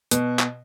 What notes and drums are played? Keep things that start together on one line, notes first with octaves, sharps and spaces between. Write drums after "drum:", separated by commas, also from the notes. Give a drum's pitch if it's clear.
B2, drum: hi-hat
drum: clap